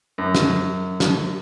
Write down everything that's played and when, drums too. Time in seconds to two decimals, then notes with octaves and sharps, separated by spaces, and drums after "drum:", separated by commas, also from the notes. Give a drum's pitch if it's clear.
0.18 F#2
0.35 drum: snare
1.00 drum: snare